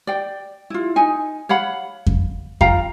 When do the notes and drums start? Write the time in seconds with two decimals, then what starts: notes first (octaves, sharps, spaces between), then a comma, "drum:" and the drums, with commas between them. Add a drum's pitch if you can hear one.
0.07 D5 G5
0.70 E4 F4
0.96 D#4 G#5
1.49 C#5 F5 F#5 B5
2.06 drum: kick F2
2.61 F4 F5 G5 A#5, drum: kick F2